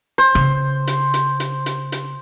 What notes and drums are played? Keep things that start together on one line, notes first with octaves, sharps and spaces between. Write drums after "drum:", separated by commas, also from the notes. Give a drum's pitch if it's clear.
C5
C#3, drum: rim click
drum: hi-hat
drum: hi-hat
drum: hi-hat
drum: hi-hat
drum: hi-hat